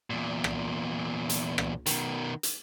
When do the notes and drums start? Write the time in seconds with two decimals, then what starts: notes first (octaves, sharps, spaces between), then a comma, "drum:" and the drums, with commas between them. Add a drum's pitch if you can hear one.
0.10 E2 A#2
0.44 drum: rim click
1.29 drum: hi-hat
1.58 drum: rim click
1.86 B2 D#3, drum: hi-hat
2.43 drum: hi-hat